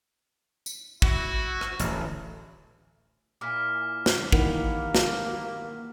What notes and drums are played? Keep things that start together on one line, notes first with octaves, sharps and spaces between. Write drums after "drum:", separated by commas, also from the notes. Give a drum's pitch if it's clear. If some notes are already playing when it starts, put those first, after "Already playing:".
drum: tambourine
E4 F#4, drum: kick
drum: rim click
D1 A1, drum: hi-hat
A#2 E4 G#5 D6 F6 B6
drum: snare
D#3 E3 A#3 B3 G4, drum: kick
drum: snare